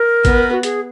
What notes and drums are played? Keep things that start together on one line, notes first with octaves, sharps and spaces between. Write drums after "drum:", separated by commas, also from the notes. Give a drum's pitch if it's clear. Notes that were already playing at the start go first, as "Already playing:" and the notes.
Already playing: A#4
B3, drum: kick, hi-hat
F#4
G#4, drum: hi-hat